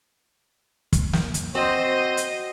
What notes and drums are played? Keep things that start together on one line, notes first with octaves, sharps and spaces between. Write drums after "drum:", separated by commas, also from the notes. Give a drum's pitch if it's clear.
drum: kick, hi-hat
drum: snare
drum: hi-hat
C4 F#4 C5 D#5
drum: hi-hat